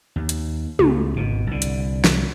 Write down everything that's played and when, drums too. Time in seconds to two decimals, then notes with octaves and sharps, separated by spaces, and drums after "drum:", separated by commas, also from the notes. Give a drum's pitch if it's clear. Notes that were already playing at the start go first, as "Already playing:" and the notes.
0.16 D#2
0.29 drum: hi-hat
0.79 C#2 A3, drum: tom
1.16 G#1 B2
1.47 C2 D3
1.62 drum: hi-hat
2.04 drum: snare